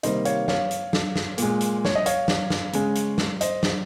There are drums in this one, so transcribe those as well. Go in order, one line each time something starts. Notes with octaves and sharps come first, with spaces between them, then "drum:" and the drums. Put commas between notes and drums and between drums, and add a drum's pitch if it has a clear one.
C3 D#3 G3 A#3 C5 D#5, drum: hi-hat
C#5 F5, drum: hi-hat
C#5 F5, drum: snare
drum: hi-hat
drum: snare
drum: snare
A#2 G#3, drum: hi-hat
drum: hi-hat
C#5, drum: snare
D#5
C#5 F5, drum: hi-hat
drum: snare
drum: snare
C#3 G#3, drum: hi-hat
drum: hi-hat
drum: snare
C5 D#5, drum: hi-hat
drum: snare